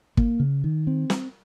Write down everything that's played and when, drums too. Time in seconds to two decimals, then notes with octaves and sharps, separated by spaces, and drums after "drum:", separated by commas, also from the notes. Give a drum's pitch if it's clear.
0.17 A#3, drum: kick
0.40 C#3
0.64 D#3
0.87 C4
1.10 drum: snare